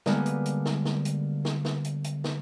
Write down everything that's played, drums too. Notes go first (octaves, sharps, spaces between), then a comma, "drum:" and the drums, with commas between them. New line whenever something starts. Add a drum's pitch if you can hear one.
D3 G3 G#3 A#3 B3, drum: snare
drum: hi-hat
drum: hi-hat
drum: snare
drum: snare
drum: hi-hat
drum: snare
drum: snare
drum: hi-hat
drum: hi-hat
drum: snare